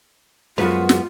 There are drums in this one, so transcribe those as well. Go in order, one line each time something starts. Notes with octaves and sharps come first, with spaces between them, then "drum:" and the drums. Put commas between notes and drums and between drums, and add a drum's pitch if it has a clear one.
F#2 G#3 B3 F4 F#4 B4
drum: snare